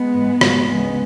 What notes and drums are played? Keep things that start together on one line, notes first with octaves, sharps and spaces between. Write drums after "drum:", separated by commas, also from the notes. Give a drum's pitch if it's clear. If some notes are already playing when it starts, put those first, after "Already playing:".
Already playing: G#3 B3
G#2 E3
G#2 E3, drum: rim click
D2 C#3 E3 G#3 B3